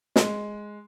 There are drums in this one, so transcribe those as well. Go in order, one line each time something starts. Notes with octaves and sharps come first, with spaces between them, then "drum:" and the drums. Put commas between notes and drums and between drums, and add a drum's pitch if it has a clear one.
G#3, drum: snare